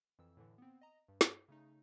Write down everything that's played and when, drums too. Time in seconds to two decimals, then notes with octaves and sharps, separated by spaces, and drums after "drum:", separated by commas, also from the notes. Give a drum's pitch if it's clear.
0.19 F2 E3 E6
0.37 A2 D3 E3
0.58 B3 C4
0.81 D#5 A#5
1.08 G2
1.21 drum: snare
1.48 C#3 A3 D#4